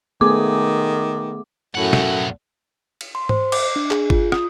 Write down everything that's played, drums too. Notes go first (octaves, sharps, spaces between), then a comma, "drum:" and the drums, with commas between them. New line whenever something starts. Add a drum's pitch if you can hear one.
D#3 A3 B3 G#4 D6
B1 F#2 A2 F#5
drum: snare
drum: cymbal
C6
C5, drum: tom G#2
D6, drum: cymbal
D4
G#4, drum: clap
F4, drum: kick
D#6, drum: rim click